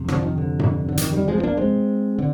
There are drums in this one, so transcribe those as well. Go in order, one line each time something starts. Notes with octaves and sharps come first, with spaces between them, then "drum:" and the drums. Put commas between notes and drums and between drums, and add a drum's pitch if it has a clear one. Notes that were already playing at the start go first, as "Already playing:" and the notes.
Already playing: F2 C3
D3 F3, drum: rim click
D#3
D3
drum: tom F#2
D3
D#3, drum: hi-hat
D#3 G3
F3 G#3
C4
A#3 D4
G#3 C4
D3